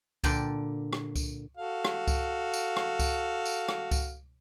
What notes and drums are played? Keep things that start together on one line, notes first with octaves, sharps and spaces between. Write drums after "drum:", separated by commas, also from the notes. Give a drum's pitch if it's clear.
A#2 D3 G5 A5, drum: kick C#2, tambourine
drum: rim click
drum: kick C#2, tambourine
F#4 A4 F5
drum: rim click
drum: kick C#2, tambourine
drum: tambourine
drum: rim click
drum: kick C#2, tambourine
drum: tambourine
drum: rim click
drum: kick C#2, tambourine